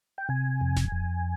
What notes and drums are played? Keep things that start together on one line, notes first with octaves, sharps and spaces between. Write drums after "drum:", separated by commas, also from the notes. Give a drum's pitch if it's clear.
G5
C3 G#5
F2
drum: snare D1
F2